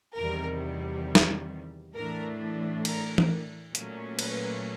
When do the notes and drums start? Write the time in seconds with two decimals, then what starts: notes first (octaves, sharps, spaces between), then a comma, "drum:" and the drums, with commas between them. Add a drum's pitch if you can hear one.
0.16 E2 C3 D#3 G3 A#4
1.15 drum: snare
1.95 A2 E3 A3 D4 A#4
2.85 A#4, drum: cymbal
3.18 drum: tom E3
3.75 A#2 F#3 A3 C#4, drum: hi-hat
4.19 B4, drum: cymbal